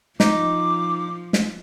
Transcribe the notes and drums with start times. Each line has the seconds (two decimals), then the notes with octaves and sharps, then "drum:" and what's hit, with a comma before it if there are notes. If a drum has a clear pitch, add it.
0.20 F3 D#4 D6, drum: snare
1.33 drum: snare